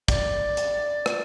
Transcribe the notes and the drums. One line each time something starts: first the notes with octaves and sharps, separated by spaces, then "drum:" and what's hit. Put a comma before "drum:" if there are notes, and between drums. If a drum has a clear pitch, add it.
D5, drum: kick, hi-hat
drum: hi-hat
drum: rim click